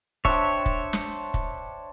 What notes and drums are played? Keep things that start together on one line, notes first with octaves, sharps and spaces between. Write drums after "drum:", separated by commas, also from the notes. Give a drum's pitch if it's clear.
D4 C5 C#5 E5 G5, drum: kick
drum: kick
drum: snare
drum: kick